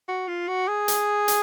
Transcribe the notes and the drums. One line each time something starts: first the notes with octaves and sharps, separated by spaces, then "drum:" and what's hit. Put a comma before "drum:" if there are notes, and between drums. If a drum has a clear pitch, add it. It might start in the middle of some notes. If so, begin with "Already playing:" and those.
F#4
F4
F#4
G#4
drum: hi-hat
drum: hi-hat